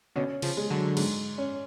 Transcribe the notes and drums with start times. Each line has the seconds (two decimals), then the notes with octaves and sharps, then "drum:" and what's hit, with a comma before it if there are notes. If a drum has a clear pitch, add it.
0.16 B2 D3 C#4
0.42 C#3 F3, drum: cymbal
0.57 G#3
0.70 D3 F#3
0.97 G#2, drum: cymbal
1.38 C#4